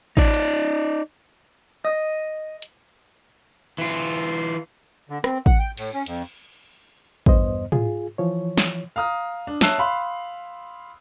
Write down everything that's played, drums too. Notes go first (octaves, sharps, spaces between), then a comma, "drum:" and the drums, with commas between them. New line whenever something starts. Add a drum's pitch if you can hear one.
D#4 D5, drum: kick A1
drum: hi-hat
D#5
drum: hi-hat
E3 F4
D3
C4, drum: rim click
F#5, drum: kick A1
G5
A2, drum: cymbal
C#4
F2, drum: cymbal
E2 G2 B3 C5 D#5, drum: kick A1
F4 G#4, drum: tom
E3 F3 C#5
drum: snare
F5 A#5 D#6 F6
D4
C#5 E5 A5 E6 F#6 C7, drum: snare
F5 B5 C6